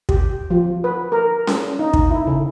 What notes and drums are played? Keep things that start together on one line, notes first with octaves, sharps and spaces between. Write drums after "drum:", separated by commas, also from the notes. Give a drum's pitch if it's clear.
G4, drum: kick
F3
B4
A#4
drum: snare C#4
D#4
drum: kick
E4
C#3